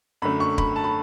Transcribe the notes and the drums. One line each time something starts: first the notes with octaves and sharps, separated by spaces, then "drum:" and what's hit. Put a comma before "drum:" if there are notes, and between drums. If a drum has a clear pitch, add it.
F#2 D3 A3 B5
C#6
B5, drum: kick
A5
B5